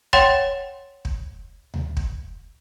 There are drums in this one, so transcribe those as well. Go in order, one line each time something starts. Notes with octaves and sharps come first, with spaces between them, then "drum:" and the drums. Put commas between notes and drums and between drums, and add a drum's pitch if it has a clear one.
C#5 F#5 G5 C6 A6 E7, drum: kick
drum: kick
drum: tom D2
drum: kick